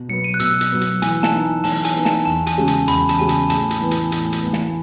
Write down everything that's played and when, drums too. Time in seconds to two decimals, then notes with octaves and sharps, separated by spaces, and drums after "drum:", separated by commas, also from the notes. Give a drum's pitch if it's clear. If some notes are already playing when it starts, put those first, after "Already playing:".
Already playing: B2
0.09 F#3 B3 C#7
0.24 D#7
0.34 F#6
0.40 B2 E6, drum: hi-hat
0.61 drum: hi-hat
0.71 F#3 B3
0.81 drum: hi-hat
1.02 E3 G#5, drum: hi-hat
1.23 A5, drum: snare
1.33 B3 D#4
1.64 E3 A5, drum: open hi-hat
1.84 G#5, drum: hi-hat
1.95 B3 D#4
2.05 A5, drum: snare
2.25 E2 A5
2.47 G#5, drum: hi-hat
2.57 C#3 G#3 C#4 F#4
2.67 A5, drum: hi-hat
2.88 E2 B5, drum: hi-hat
3.09 A5, drum: hi-hat
3.19 C#3 G#3 C#4 F#4 G#5
3.29 A5, drum: hi-hat
3.50 A2 A5, drum: hi-hat
3.70 drum: hi-hat
3.81 E3 B3
3.91 drum: hi-hat
4.12 A2, drum: hi-hat
4.32 drum: hi-hat
4.42 E3 B3
4.53 drum: snare